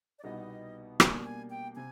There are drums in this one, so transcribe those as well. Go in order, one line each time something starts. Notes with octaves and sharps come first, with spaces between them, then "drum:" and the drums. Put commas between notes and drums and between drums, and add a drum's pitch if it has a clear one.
D5
C2 B2 G3 B3 D#4 D#5
B2 G3 A#3 D4 G#5, drum: rim click
G#5
G5
C3 G#5